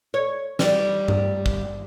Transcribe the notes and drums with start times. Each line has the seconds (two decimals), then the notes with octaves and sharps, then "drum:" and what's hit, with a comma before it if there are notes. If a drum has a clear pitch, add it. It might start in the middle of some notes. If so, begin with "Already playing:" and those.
0.14 C#5
0.59 G3, drum: snare
1.08 drum: tom G2
1.46 drum: kick